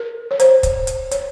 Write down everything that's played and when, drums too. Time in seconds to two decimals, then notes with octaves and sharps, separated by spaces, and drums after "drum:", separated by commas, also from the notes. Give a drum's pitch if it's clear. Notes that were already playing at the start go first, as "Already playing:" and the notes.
Already playing: A#4
0.31 C#5
0.40 C5, drum: hi-hat
0.63 drum: kick, hi-hat
0.87 drum: hi-hat
1.11 C#5, drum: hi-hat